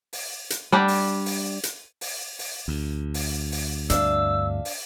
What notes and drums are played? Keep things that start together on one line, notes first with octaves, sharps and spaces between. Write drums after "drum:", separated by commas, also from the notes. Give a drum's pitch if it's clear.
drum: open hi-hat
drum: hi-hat
G3 D4 G4
drum: open hi-hat
drum: open hi-hat
drum: hi-hat
drum: open hi-hat
drum: open hi-hat
D2
drum: open hi-hat
drum: open hi-hat
G2 C4 D4 E5 F5 E6, drum: hi-hat
drum: open hi-hat